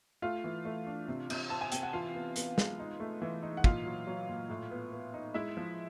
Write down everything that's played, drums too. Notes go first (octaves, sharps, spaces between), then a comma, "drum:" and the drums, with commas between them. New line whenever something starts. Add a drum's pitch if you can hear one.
A3 F4 F5
E3
A3
D4
C3
C3, drum: cymbal
C4 A5
G#5
C3 G5, drum: hi-hat
F#5
E3 F4 F5
B3
B3, drum: hi-hat
G#3, drum: snare
D#4
A3
E3
D#4
F#5
A#2 F4 F5, drum: kick
F#3
F#3
A#2
A2
B3
B3
D#4
G#3 E4 E5
F3